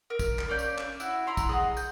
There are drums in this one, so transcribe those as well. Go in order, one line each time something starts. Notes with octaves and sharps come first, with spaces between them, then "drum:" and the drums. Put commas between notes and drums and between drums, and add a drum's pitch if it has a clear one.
A#4
drum: kick, tambourine
drum: clap
A#3 C#4 D5 G6
drum: tambourine
drum: clap
E4 F#4, drum: tambourine
E4 A#5 C6
drum: kick, tambourine
G#4 D#5 F#5
G6, drum: tambourine